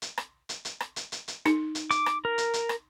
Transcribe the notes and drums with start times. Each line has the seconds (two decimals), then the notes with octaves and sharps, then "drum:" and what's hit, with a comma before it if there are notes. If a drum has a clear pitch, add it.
0.02 drum: hi-hat
0.18 drum: rim click
0.49 drum: hi-hat
0.65 drum: hi-hat
0.80 drum: rim click
0.96 drum: hi-hat
1.12 drum: hi-hat
1.28 drum: hi-hat
1.46 D#4, drum: rim click
1.75 drum: hi-hat
1.91 D6, drum: hi-hat
2.06 drum: rim click
2.25 A#4
2.38 drum: hi-hat
2.54 drum: hi-hat
2.69 drum: rim click